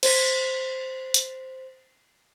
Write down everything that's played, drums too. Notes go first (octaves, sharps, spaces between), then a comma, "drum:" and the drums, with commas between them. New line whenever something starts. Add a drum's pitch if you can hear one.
C5 B6, drum: cymbal
drum: hi-hat